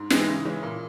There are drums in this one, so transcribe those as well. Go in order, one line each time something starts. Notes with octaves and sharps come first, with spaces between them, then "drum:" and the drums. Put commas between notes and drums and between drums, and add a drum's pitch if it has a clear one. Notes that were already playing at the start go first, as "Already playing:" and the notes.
Already playing: G#2
E3 G#3 D#4, drum: snare
C#3
E3 G#3 C#4
A#2